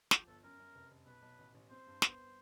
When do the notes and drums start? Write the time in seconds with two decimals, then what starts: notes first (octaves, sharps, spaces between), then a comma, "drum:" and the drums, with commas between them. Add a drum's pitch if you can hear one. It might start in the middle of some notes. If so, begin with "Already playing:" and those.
0.11 F3 G4, drum: snare
0.27 G1 A4
0.43 F#2 A#4
0.59 F#2
0.75 F1
0.91 F1
1.06 B1 B4
1.22 B1
1.39 A1
1.54 A1
1.71 C4 C5
1.87 G2
2.02 B3, drum: snare